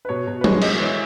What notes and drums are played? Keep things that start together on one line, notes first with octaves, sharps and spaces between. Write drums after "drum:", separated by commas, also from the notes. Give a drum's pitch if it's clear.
B4
B2 C#5
B2
B4
G#3 C#5, drum: tom F#3
G#3 D#5, drum: cymbal
E3 C#5